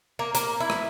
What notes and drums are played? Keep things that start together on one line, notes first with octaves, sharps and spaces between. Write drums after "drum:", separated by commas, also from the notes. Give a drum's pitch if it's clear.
A#3
A#3, drum: hi-hat
E4
drum: rim click